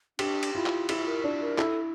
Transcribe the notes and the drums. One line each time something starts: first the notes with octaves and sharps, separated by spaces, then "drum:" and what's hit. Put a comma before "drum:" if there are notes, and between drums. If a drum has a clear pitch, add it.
D4 G4, drum: cymbal
drum: cymbal
E4 F4
drum: clap
E4 F4, drum: cymbal
A#4
D4
A#4
E4 A4, drum: clap